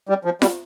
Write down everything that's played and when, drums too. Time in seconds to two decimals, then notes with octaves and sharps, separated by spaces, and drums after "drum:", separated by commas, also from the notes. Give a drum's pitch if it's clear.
0.09 G3
0.25 F3
0.42 G3, drum: snare F4